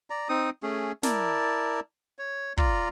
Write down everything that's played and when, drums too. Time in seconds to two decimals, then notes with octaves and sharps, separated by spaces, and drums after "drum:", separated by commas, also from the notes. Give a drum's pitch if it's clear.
0.10 D5 A#5
0.29 C4 D#4 D#6
0.63 A3 C#4 G#4
1.03 E4 A#4 D5 A5, drum: snare
2.19 C#5
2.57 F4 D5 A#5, drum: kick